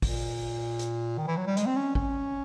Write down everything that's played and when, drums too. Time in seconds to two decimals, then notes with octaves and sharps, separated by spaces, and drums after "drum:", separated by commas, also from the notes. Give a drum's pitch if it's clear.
0.02 A#2, drum: kick, open hi-hat
0.79 drum: hi-hat
1.17 D#3
1.27 E3
1.37 F#3
1.47 G3
1.57 G#3, drum: hi-hat
1.66 C4
1.76 C#4
1.95 C#4, drum: kick